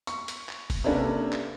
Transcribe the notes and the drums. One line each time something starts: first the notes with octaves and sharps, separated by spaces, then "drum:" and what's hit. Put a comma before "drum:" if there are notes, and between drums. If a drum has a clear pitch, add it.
C#6, drum: hi-hat
drum: hi-hat
drum: clap
drum: kick, open hi-hat
C3 A#3 C#4 D4 A4 B4
drum: clap